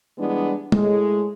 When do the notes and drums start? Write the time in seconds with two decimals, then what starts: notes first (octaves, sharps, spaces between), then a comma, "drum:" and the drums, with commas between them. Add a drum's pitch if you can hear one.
0.18 E3 G3 G#3 B3 D4
0.72 A2 G#3, drum: tom G#3